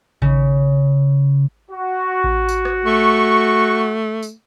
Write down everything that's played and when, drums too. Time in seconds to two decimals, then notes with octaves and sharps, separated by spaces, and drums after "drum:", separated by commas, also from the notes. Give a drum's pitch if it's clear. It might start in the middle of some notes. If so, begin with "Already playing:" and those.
0.22 C#3, drum: kick A1
1.71 F#4
2.24 drum: kick A1
2.49 drum: tambourine
2.65 drum: rim click
2.85 A3 C#6
4.23 drum: tambourine